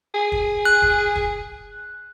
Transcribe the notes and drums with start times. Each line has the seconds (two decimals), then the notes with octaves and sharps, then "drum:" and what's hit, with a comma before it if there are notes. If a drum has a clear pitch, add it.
0.14 G#4
0.32 drum: kick
0.65 F#6
0.82 drum: kick
1.16 drum: kick